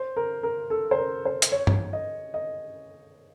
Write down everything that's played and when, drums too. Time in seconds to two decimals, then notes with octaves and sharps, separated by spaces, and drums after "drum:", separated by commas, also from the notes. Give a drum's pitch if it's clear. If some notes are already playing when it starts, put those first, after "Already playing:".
Already playing: C5
0.16 A#4
0.43 A#4
0.70 A4
0.91 C5
0.98 A#4
1.25 C5
1.42 drum: hi-hat
1.52 C#5
1.67 drum: tom G2
1.93 D#5
2.34 D#5